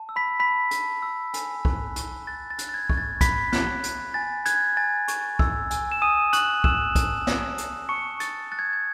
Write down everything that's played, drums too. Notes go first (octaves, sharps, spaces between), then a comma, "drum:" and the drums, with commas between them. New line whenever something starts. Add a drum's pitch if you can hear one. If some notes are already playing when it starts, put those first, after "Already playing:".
Already playing: A5
E6
B5 B6
A5 B5 B6
A5, drum: hi-hat
E6
G#5, drum: hi-hat
F#6, drum: kick
C#6, drum: hi-hat
F#6 A6
A6
F#6, drum: hi-hat
A6
G#6
C#6, drum: kick
A6
B5 F#6 B6, drum: kick, hi-hat
F#6, drum: snare
F#6, drum: hi-hat
G#5 A6
F#6 G#6, drum: hi-hat
G#5 A6
C#6, drum: hi-hat
E6, drum: kick
G#5, drum: hi-hat
E7
G#5 D#6 D#7
C#6 F#6 F#7, drum: hi-hat
E6 E7, drum: kick
A5, drum: kick, hi-hat
A5, drum: snare
A5, drum: hi-hat
A5 C#6 C#7
A5 A6, drum: hi-hat
F#6 A6
G#6
G#6